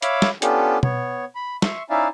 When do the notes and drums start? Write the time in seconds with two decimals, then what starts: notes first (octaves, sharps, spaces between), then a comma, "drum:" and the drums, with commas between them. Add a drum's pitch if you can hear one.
0.02 C#5 E5 F5 B5 D6, drum: hi-hat
0.22 drum: snare
0.42 B3 C#4 D4 F4 G4 A4, drum: hi-hat
0.83 B3 C#5, drum: tom B2
1.35 B5
1.62 E5 C6 C#6, drum: snare
1.90 C#4 D#4 E4 D5 E5 F5